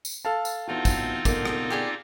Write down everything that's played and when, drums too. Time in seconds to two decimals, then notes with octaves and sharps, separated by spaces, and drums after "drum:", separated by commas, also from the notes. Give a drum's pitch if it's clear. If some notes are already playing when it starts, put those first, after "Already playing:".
0.05 drum: tambourine
0.25 A4 F5 A5
0.45 drum: tambourine
0.67 E2 C4 D#4 F4 F#4
0.85 drum: kick, tambourine
1.25 B2 D3 A#3 D6, drum: kick, tambourine
1.45 drum: rim click
1.70 G4 G#4 D5